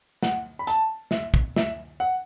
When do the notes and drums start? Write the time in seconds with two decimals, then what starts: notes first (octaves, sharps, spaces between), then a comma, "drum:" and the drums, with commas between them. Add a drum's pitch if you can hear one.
0.22 F#5, drum: snare
0.59 B5
0.67 A5, drum: hi-hat
1.11 E5, drum: snare
1.34 drum: kick
1.56 E5, drum: snare
2.00 F#5